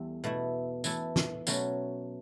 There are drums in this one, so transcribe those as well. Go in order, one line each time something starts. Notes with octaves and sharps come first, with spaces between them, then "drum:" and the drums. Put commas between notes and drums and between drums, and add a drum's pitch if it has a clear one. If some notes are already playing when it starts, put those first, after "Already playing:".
Already playing: E2 G3 A4
B2 A3 E4
E3 A3 E4 A4, drum: tambourine
drum: snare
B2 F#3 A3 C#4, drum: tambourine